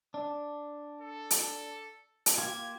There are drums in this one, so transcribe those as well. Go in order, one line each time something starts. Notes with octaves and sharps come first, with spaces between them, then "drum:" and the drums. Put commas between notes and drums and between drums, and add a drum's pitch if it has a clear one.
D4
A4
drum: hi-hat
drum: hi-hat
A#3 F4 G4 G#6